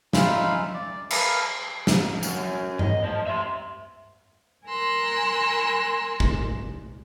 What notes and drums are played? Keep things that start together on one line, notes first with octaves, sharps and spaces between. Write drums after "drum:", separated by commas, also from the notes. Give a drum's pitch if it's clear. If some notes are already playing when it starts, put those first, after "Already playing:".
C#4 D#4 F4 E5 F5 B5, drum: snare
D5
A#4 B4 E5 F5 G#5 A#5, drum: cymbal
drum: snare
F#2, drum: tambourine
D#5, drum: tom G2
F3
E5 C6
A#4 G#5 A#5 C6 E6 F#6
drum: kick